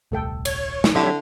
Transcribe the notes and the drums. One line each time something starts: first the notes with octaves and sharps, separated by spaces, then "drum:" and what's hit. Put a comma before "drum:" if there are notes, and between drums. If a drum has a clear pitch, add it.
D#1 C2 A3 A4 G5
C#5, drum: cymbal
drum: snare
D3 F#3 C4 E4 G4 C#5 E5